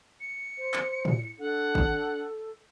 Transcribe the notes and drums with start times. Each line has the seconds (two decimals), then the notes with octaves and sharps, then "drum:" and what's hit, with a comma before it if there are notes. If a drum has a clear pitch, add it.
0.20 C#7
0.58 C5
0.74 drum: clap
1.05 drum: tom A2
1.39 D4 A4 F#5
1.75 drum: kick G#1